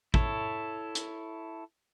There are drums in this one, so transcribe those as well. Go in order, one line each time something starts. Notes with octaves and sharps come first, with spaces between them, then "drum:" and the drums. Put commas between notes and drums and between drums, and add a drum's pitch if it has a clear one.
E4 A4 C#5, drum: kick
drum: hi-hat